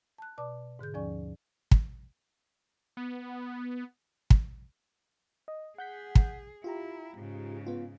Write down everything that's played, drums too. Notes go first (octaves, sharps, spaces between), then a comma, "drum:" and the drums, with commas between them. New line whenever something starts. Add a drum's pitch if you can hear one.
A5 F#6
B2 D5 A5 D6
G#2 D3 G#4 G6
D#2 F3 C#4 D5 G#5 C#6
drum: kick
B3
drum: kick
D#5
G#4 F#5 G6 B6
drum: kick
E4 F4 G4 A#5
G#2 C#3
B3 F4